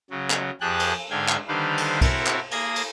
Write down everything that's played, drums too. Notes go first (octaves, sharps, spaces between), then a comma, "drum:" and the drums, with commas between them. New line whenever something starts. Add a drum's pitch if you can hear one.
C#3 F#3
drum: clap
F2 G4 G#4 G5 A5 F#6
drum: cymbal
G#2 D3 F5 G5 G#6
drum: clap
D3 D#3 G3 B4 C5 F5
drum: cymbal
C4 E4 F#4 A4 A#4 C#5, drum: kick, cymbal
drum: clap
A#3 G#4 G#6 A#6, drum: cymbal
drum: cymbal